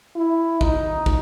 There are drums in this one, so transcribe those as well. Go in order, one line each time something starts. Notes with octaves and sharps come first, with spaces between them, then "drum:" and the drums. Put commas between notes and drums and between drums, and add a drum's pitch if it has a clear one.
E4
D#4, drum: kick
drum: kick